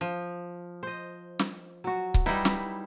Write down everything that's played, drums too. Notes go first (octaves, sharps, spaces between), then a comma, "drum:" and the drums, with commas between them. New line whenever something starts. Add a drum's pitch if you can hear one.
F3
C5 D#5
drum: snare
F#3 F#4
drum: kick C#1
G3 D#4 E4 B4
drum: snare